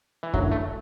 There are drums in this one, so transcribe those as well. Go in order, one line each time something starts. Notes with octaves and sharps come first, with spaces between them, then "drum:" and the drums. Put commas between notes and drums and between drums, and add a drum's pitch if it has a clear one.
E3
F#2 D3 F#3 A3 E4, drum: kick
A3